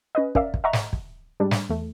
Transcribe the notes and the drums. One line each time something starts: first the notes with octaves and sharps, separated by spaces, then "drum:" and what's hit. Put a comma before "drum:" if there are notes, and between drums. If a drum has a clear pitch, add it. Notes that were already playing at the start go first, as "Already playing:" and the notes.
C#4 B4 D#5
C#4 A#4 D5 E5 F5, drum: kick
drum: kick
D#5 E5 F#5 A#5 C#6
drum: snare
drum: kick
G#2 G3 G#3 D4
drum: snare
E2 A3